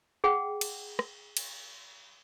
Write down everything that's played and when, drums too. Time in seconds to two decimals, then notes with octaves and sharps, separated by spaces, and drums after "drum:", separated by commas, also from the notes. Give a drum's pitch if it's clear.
0.24 G#4 F#5 G5
0.61 drum: cymbal
0.99 drum: rim click
1.37 drum: cymbal